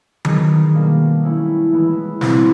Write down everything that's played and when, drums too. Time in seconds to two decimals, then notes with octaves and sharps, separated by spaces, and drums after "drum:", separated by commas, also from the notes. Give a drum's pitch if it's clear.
0.25 D#3 F#3 B3 D#4 G#4, drum: tom D#3
0.74 B2 G3 A#3 D4
1.24 A3 C#4 E4
1.72 E3 G#3 B3 E4
2.21 B2 G3 C4 E4 G#4, drum: snare